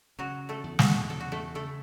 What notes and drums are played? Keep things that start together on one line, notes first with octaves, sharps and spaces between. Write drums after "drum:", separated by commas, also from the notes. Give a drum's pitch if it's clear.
C#3 F#3 F#4
A3 A4
E2
F#3 F#4, drum: snare
C#3 A4
F#4
A3 A4
C#3 A3 A4